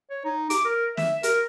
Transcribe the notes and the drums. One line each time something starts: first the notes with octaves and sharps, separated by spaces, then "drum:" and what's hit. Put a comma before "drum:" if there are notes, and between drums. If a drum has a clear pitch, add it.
C#5
D#4
D6, drum: hi-hat
A#4
E5, drum: snare
A#4, drum: hi-hat